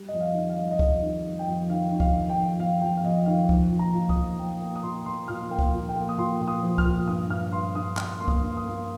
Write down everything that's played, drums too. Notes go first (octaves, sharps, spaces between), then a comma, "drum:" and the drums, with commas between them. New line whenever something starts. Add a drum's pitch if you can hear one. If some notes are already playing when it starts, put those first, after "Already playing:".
Already playing: G3
F2 D#5
F5
D#3
F5
G3 D#5
D#5
F2 F5, drum: kick C2
D#3
G3
G5
F2
D#3 F5
D#3
F5, drum: kick C2
D#3
G5
F2
F2 F5
F2 G5
F5
F2 D#5
D#3 F5
F3, drum: kick C2
A#2
A#5
A#2
D#6, drum: kick C2
F3
F3 G5
A#3 G5
D#6
A#2 C6
A#2 C6
A#2 F6
A#3 G5
F5, drum: kick C2
A#2
G5
A#3
D#6
A#2 C6
A#2
D#6
F3
F6, drum: kick C2
A#2
G2 D#6
G2 F6
G2 C6
G2 D#6
G2 F6, drum: clap
A#3 C6
D#6, drum: kick C2
G2
D#6
A#3